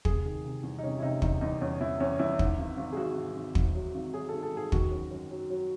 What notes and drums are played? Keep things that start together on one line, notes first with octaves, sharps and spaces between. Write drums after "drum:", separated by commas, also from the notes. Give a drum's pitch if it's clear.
C3 G#4, drum: kick
D#3
C3
E2
D#4
C3 C#4
E4
C3 D#4
E2 D#4, drum: kick
E2 D#4
E2 C#4
E2 E4
E2 C#4
E2 E4
G#2, drum: kick
G#1
G#1
G#4
G#1 F#4
G#2
G#1
G#2, drum: kick
F#3
G#1
F#3 G#4
G#1 A4
A4
G#2 G#4
D#3 F#4, drum: kick
F#2
F#2
F#3
F#3